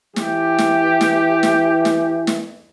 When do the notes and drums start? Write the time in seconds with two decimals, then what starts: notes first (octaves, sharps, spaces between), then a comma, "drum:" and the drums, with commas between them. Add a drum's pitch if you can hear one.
0.16 E3 G4, drum: snare
0.58 drum: snare
1.01 drum: snare
1.43 drum: snare
1.85 drum: snare
2.27 drum: snare